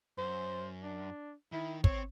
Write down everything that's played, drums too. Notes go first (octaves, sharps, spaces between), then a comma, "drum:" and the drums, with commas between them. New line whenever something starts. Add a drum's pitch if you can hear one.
F#2 C5
D4
D#3 E4
C4 C#5, drum: kick